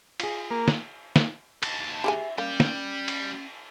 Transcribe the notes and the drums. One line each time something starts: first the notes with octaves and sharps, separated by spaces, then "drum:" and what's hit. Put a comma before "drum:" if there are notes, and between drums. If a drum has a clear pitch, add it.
F4 G#4, drum: cymbal
A#3
drum: snare
drum: snare
D#2 A5, drum: cymbal
G4 G#4 E5 G#5
G3 A#3 C#4
drum: snare
drum: cymbal